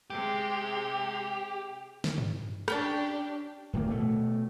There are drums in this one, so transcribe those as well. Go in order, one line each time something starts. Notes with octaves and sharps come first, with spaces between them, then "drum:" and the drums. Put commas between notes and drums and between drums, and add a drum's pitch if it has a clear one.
C3 G#3 G4
drum: snare
drum: tom G2
C#4 D4 G4 G5 A5, drum: rim click
D1 A2 D#3 A#3
B2 A3